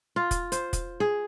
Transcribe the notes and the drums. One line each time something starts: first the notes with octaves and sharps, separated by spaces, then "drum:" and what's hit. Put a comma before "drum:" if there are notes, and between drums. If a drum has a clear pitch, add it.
F4
drum: kick, hi-hat
C5, drum: hi-hat
drum: kick, hi-hat
G#4